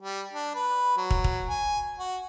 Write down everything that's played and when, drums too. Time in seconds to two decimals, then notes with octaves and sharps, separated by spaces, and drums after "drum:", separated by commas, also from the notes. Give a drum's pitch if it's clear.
0.01 G3
0.33 D4
0.55 B4
0.97 F#3
1.10 drum: kick
1.24 drum: kick
1.48 G#5
1.99 F#4